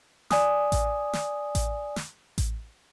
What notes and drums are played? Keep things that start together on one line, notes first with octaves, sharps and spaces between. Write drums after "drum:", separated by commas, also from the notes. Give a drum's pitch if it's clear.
D5 G#5 D#6, drum: snare
drum: kick A1, hi-hat
drum: snare
drum: kick A1, hi-hat
drum: snare
drum: kick A1, hi-hat